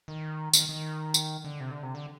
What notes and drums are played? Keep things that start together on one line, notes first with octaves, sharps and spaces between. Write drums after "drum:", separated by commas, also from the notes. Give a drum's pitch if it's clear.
D#3
D#3, drum: tambourine
D#3
drum: tambourine
D3
C3
D3
C3
D3